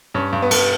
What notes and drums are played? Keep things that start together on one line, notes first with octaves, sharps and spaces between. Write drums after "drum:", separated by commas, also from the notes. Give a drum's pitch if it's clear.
G2 C#4
G2
B3
G2, drum: cymbal